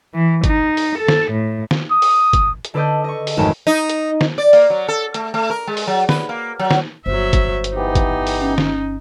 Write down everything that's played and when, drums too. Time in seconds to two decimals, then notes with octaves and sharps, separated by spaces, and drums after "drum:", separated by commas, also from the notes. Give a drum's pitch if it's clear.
0.14 E3
0.44 D#4, drum: kick, hi-hat
0.77 drum: open hi-hat
0.98 A4
1.08 drum: snare
1.31 A2
1.71 drum: snare
1.91 D#6
2.02 drum: open hi-hat
2.33 drum: kick, hi-hat
2.65 drum: hi-hat
2.74 D3 A4 B4 D5 D#5 G6
3.04 D#5 C#6
3.27 drum: open hi-hat
3.37 G#1 F2 A3 C#5 E7
3.67 D#4
3.89 drum: hi-hat
4.21 drum: snare
4.38 D5
4.53 A#3, drum: open hi-hat
4.70 F#3
4.88 A4
5.14 A3, drum: hi-hat
5.34 A3
5.50 A#4
5.67 G#3
5.77 drum: open hi-hat
5.87 F#3
6.09 B4, drum: snare
6.29 A#3
6.59 F#3
6.71 drum: snare
7.06 G1 F#3 C5 E5
7.33 drum: kick, hi-hat
7.64 drum: hi-hat
7.75 E3 B3 D#4 G4
7.95 drum: kick, hi-hat
8.27 drum: open hi-hat
8.40 C#4
8.58 drum: snare